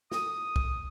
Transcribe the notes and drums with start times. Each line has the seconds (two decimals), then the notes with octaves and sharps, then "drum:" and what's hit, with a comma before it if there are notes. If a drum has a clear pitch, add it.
0.12 D#6, drum: snare
0.56 drum: kick